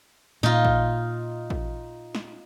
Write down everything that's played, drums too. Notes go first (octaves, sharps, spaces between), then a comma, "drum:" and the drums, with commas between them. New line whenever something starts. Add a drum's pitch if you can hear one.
A#2 D#4 F4, drum: snare
drum: kick A1
drum: kick A1
drum: snare